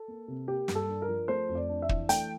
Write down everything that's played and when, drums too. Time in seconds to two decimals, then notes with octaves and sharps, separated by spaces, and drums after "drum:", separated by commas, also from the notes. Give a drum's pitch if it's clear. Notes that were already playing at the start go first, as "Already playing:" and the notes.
Already playing: A4
0.08 A#3
0.28 C3
0.48 A#3 G4
0.68 G2, drum: snare
0.75 A4
0.88 D4
1.02 A#4
1.08 F3
1.28 A3 C5
1.49 F2
1.55 D5
1.69 D4
1.82 E5
1.89 E3, drum: kick
2.09 A3 G5, drum: hi-hat